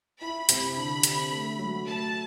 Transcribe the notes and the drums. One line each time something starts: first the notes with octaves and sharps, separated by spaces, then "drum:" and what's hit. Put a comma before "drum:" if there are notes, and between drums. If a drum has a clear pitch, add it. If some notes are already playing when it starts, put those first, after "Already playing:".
E4 B5
C3, drum: hi-hat
D3
D3, drum: hi-hat
A3
F#3
A3 A5